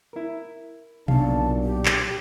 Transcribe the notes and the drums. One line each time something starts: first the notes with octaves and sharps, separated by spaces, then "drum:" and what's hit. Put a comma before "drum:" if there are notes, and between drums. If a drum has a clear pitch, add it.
E4 A#4
B1 A#2 C#3 F#3 D4 F5 A5, drum: tom B2
G4
drum: clap